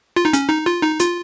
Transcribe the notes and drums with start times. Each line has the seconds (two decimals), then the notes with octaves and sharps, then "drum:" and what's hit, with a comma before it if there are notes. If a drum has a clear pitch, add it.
0.16 F4
0.25 D#4
0.33 C#4, drum: hi-hat
0.49 D#4
0.66 F4
0.83 D#4
0.99 F4, drum: hi-hat